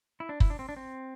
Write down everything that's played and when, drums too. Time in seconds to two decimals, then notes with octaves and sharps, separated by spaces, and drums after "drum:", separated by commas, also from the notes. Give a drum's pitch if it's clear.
0.20 E4
0.29 D4
0.40 E4, drum: kick
0.50 D4
0.59 C4
0.69 D4
0.77 C4